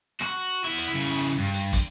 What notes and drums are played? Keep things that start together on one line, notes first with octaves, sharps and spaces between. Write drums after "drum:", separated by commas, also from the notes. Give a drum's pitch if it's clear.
F#4, drum: rim click
B3 E4
drum: hi-hat
C#3 E4
drum: open hi-hat
G2
drum: hi-hat
drum: kick, hi-hat